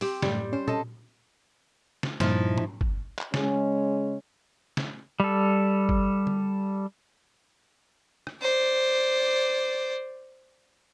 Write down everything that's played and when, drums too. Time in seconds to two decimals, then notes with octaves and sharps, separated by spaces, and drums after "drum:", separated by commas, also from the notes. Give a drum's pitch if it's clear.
0.01 C4 G4, drum: open hi-hat
0.22 F#2 A2 G3, drum: snare
0.53 C#4 C5
0.68 A4 D#5, drum: tom A#2
2.03 drum: snare
2.20 G2 A#2 F3 D#4 E4, drum: snare
2.58 drum: tom
2.81 drum: kick G1
3.18 drum: clap
3.34 C#3 G#3 C#4, drum: snare
4.77 drum: snare
5.20 G3 A4
5.89 drum: kick G1
6.27 drum: tom D3
8.27 drum: rim click
8.42 C5 D5